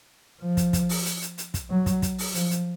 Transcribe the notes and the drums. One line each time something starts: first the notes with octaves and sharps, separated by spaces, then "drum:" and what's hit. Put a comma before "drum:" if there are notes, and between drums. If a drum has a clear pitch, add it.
F3
drum: kick, hi-hat
drum: kick, hi-hat
drum: open hi-hat
drum: hi-hat
drum: hi-hat
drum: hi-hat
drum: kick, hi-hat
F#3
drum: kick, hi-hat
drum: kick, hi-hat
drum: open hi-hat
F3, drum: hi-hat
drum: hi-hat